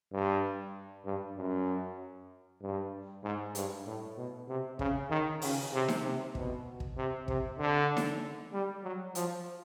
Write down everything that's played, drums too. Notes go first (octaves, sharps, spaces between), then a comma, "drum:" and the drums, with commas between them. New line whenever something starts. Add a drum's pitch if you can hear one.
G2
G2
F#2
G2
G#2
G2, drum: hi-hat
A2
B2
C3
C#3, drum: kick
D#3
C#3, drum: open hi-hat
C3
drum: snare D#4
C3
B2, drum: kick
drum: kick
C3
C3, drum: kick
D3
drum: snare D#4
G3
F#3
F3, drum: hi-hat